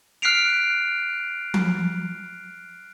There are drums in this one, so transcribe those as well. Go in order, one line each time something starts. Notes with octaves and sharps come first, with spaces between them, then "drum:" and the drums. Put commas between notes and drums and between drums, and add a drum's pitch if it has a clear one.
F6 F#6 B6 C7 D7 F7
drum: tom F3